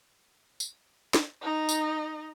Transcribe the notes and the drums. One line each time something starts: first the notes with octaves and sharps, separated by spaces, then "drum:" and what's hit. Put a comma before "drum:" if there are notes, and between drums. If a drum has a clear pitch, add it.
drum: tambourine
drum: snare
D#4 D#5
drum: tambourine